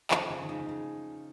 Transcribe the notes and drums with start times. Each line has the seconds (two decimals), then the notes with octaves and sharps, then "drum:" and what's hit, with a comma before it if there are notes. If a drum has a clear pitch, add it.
0.11 D#3 F3, drum: clap
0.30 C#3
0.42 D#3
0.49 C#3 D#4
0.69 C#3